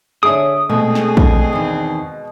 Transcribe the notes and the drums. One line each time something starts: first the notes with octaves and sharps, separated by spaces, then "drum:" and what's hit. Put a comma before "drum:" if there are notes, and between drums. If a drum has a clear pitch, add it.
D3 G#4 C#5 E5 D#6 D7
B2 G#3 A3 C4 D4 G#4
drum: snare
drum: kick
E2 D#3